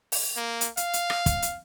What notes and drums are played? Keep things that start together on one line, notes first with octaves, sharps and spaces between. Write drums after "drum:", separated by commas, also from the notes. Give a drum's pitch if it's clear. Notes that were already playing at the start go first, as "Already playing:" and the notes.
drum: open hi-hat
A#3
drum: hi-hat
F5, drum: hi-hat
drum: hi-hat
drum: rim click
drum: kick, hi-hat
drum: hi-hat